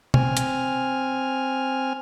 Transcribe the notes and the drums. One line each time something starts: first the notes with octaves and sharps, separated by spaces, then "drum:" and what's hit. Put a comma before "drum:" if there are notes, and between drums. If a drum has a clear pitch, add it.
C4 G#5 F6, drum: tom B2
drum: hi-hat